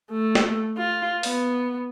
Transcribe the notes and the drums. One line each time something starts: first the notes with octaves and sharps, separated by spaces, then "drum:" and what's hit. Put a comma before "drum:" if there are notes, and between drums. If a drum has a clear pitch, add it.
A3
drum: snare
F4
B3, drum: open hi-hat